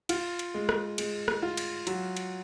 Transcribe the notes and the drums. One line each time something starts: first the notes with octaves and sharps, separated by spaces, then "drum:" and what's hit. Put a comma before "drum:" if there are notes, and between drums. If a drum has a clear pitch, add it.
F4, drum: cymbal
drum: cymbal
G#3
drum: rim click
G#3, drum: cymbal
drum: rim click
F4
drum: cymbal
F#3, drum: cymbal
drum: cymbal